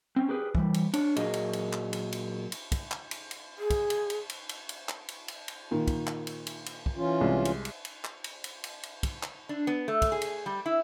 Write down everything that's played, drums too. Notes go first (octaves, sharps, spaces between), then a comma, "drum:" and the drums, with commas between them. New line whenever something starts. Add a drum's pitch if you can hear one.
C4 C#4
G4 G#4 B4
E3 G3, drum: kick
drum: cymbal
D4 C#5, drum: cymbal
A#2 F#3 G#4 D#5, drum: cymbal
drum: cymbal
drum: cymbal
drum: clap
drum: cymbal
drum: cymbal
drum: cymbal
drum: kick, cymbal
drum: clap
drum: cymbal
drum: cymbal
G#4
drum: kick, cymbal
drum: cymbal
drum: cymbal
drum: cymbal
drum: cymbal
drum: cymbal
drum: clap
drum: cymbal
drum: cymbal
drum: cymbal
A#2 D#3
drum: kick, cymbal
drum: clap
drum: cymbal
drum: cymbal
drum: cymbal
drum: kick
E3 C#4 F4
C2 G#3 C6
drum: cymbal
drum: cymbal
drum: cymbal
drum: clap
drum: cymbal
drum: cymbal
drum: cymbal
drum: cymbal
drum: kick, cymbal
drum: clap
D4
B3
A3
drum: kick, cymbal
G#4
drum: cymbal
G3
E4